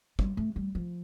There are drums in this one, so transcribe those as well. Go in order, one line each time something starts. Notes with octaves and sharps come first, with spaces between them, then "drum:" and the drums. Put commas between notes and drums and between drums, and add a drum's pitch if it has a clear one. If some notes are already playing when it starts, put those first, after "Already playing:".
G3, drum: kick
A3
G3
F3